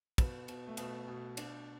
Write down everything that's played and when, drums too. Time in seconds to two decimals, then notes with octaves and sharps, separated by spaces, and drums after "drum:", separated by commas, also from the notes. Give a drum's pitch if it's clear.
0.18 B2 B3, drum: kick, cymbal
0.48 B2, drum: cymbal
0.67 A3
0.77 B2 B3, drum: cymbal
1.08 B2
1.37 B2 D4, drum: cymbal